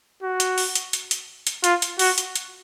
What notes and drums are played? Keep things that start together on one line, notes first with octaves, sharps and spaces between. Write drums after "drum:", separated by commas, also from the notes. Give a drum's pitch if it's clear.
F#4
drum: hi-hat
drum: open hi-hat
drum: hi-hat
drum: hi-hat
drum: hi-hat
drum: hi-hat
F4, drum: hi-hat
drum: hi-hat
F#4, drum: open hi-hat
drum: hi-hat
drum: hi-hat